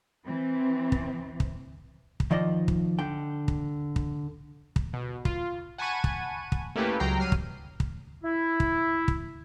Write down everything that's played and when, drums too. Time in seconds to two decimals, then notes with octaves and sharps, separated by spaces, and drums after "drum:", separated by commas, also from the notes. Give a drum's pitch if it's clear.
0.25 E3 C4
0.92 drum: kick
1.40 drum: kick
2.20 drum: kick
2.31 D#3 F3 D5 D#5
2.68 drum: kick
2.99 D3 G5
3.48 drum: kick
3.96 drum: kick
4.76 drum: kick
4.93 B2
5.25 F4, drum: kick
5.78 F#5 G#5 A5 B5 C#6 D#7
6.04 drum: kick
6.52 drum: kick
6.75 A3 A#3 C#4 E4 G4 B4
7.00 C#2 F#3 G5 A#5 C7
7.18 F#3 G3 F6 C7 D#7
7.32 drum: kick
7.80 drum: kick
8.23 E4
8.60 drum: kick
9.08 drum: kick